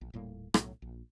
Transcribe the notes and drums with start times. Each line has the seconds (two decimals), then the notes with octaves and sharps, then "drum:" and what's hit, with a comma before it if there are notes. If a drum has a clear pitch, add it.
0.01 A#1
0.14 D#1 A2 G3 A#3
0.54 B1 A2 F#3, drum: rim click
0.82 A#1